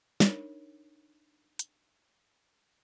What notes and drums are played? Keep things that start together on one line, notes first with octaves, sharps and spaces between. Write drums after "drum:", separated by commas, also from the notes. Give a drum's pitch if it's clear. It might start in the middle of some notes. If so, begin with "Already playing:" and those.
D4 D#4 A#4 C#5, drum: snare
drum: hi-hat